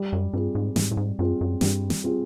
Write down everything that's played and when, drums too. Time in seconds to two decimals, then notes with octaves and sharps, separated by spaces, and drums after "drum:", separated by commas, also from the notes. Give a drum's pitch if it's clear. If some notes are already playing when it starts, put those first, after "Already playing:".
Already playing: G3
0.13 F#2
0.33 G2 C4 F4 G#4
0.55 G#2
0.76 G#2 G3, drum: snare
0.91 A2
0.97 G#2
1.19 F#2 C4 F4 G#4
1.41 F#2
1.61 G2 G3, drum: snare
1.90 drum: snare
2.04 C4 F4 G#4